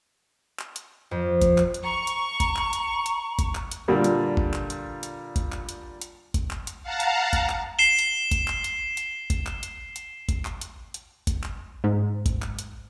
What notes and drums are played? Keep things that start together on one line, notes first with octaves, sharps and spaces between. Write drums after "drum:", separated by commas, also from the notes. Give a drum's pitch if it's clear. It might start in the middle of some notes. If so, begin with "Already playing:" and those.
drum: clap
drum: hi-hat
F2
drum: kick G#1, hi-hat
drum: clap
drum: hi-hat
A#5 C#6
drum: hi-hat
drum: kick G#1, hi-hat
drum: clap
drum: hi-hat
drum: hi-hat
drum: kick G#1, hi-hat
drum: clap
drum: hi-hat
A#2 D3 G3 A#3
drum: hi-hat
drum: kick G#1
drum: clap
drum: hi-hat
drum: hi-hat
drum: kick G#1, hi-hat
drum: clap
drum: hi-hat
drum: hi-hat
drum: kick G#1, hi-hat
drum: clap
drum: hi-hat
F5 F#5 A5 A#5
drum: hi-hat
drum: kick G#1, hi-hat
drum: clap
C7 E7 G7
drum: hi-hat
drum: kick G#1, hi-hat
drum: clap
drum: hi-hat
drum: hi-hat
drum: kick G#1, hi-hat
drum: clap
drum: hi-hat
drum: hi-hat
drum: kick G#1, hi-hat
drum: clap
drum: hi-hat
drum: hi-hat
drum: kick G#1, hi-hat
drum: clap
G#2
drum: kick G#1, hi-hat
drum: clap
drum: hi-hat